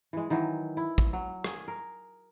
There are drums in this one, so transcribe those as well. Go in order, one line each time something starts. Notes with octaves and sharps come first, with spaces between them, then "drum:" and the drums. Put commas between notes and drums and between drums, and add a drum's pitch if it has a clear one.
E3 G#3
D#3 E3 F#3
E4
drum: kick
F#3
G#4, drum: rim click
A#4